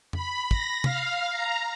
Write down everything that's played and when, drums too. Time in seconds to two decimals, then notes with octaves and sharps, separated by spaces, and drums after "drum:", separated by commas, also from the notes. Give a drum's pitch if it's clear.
0.13 B5, drum: tom F2
0.51 A#6, drum: kick
0.84 F5, drum: tom
1.30 A#5